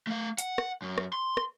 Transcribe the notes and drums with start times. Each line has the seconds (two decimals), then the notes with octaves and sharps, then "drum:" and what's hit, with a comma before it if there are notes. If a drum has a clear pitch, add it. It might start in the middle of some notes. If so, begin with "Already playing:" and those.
0.07 A3 F5
0.38 F#5, drum: hi-hat
0.58 drum: rim click
0.82 F#2
0.98 drum: rim click
1.13 C6
1.37 drum: rim click